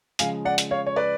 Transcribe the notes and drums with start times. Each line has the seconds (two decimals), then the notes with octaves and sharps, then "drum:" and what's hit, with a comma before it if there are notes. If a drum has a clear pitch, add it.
0.19 C#3 F3 G#3 F5 G#5, drum: hi-hat
0.45 D5 F#5
0.58 drum: hi-hat
0.71 C#5 F5
0.87 C#5
0.96 B4 D5